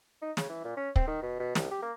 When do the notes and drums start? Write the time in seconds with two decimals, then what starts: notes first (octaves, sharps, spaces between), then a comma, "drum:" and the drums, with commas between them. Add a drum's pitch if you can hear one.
0.22 D#4
0.37 C#3, drum: snare
0.49 E3
0.65 A#2
0.77 C#4
0.96 C4, drum: kick
1.07 D#3
1.23 B2
1.39 B2
1.55 C2, drum: snare
1.71 G4
1.82 A#3